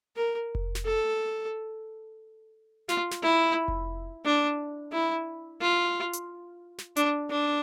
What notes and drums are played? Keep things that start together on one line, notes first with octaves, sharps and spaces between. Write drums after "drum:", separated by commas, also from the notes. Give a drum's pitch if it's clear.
A#4
drum: kick F1
drum: snare
A4
F4, drum: snare
drum: snare
E4
drum: kick F1
D4
E4
F4
drum: hi-hat
drum: snare
D4, drum: hi-hat
D4